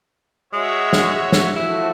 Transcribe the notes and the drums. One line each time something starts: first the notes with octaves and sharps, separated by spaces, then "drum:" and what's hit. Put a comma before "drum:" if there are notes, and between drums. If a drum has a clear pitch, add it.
G#3 F#4 C#5 E5
drum: snare
drum: snare
F3 A3 E4 F#4